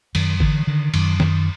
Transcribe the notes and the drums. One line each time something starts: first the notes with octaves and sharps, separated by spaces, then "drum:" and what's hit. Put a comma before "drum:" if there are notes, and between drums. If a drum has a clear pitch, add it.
F#2 D#3, drum: cymbal
D3 E3, drum: kick G1
D3 D#3
F#2 D#3, drum: cymbal
F#2 D#3, drum: snare